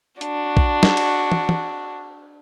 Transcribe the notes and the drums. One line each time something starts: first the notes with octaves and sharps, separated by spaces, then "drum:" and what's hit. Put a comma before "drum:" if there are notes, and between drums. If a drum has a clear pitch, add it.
D4 F#4, drum: hi-hat
drum: kick A#1
drum: snare
drum: cymbal
drum: tom
drum: tom